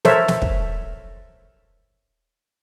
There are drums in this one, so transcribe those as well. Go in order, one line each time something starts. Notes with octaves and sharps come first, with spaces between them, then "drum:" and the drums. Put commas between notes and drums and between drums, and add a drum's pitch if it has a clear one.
A4 A#4 C5 C#5 E5, drum: snare
drum: snare
drum: kick